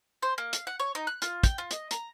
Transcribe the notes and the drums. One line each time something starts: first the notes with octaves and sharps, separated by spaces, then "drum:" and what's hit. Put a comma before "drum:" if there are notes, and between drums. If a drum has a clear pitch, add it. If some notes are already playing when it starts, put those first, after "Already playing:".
C5
A#3
F5, drum: hi-hat
F#5
C#5
D#4
F#6
F4, drum: hi-hat
G5, drum: kick, hi-hat
F4
D#5, drum: hi-hat
A#5, drum: hi-hat